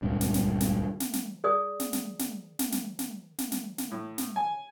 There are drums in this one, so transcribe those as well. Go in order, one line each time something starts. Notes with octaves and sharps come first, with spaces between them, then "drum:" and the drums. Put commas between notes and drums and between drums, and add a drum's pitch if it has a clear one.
D#1 C#2 G2
drum: snare
drum: snare
drum: snare
drum: snare
drum: snare
G#4 D5 D#6
drum: snare
drum: snare
drum: snare
drum: snare
drum: snare
drum: snare
drum: snare
drum: snare
drum: snare
A2
drum: snare
G#5